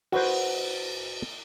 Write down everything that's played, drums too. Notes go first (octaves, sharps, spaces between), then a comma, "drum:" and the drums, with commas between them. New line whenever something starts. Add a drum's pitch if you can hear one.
F#4 B4 C5, drum: cymbal